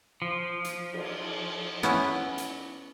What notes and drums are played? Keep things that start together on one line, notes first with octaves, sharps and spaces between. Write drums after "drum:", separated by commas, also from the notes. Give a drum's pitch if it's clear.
F3
drum: hi-hat
drum: cymbal
B3 C#4 E4, drum: snare
drum: hi-hat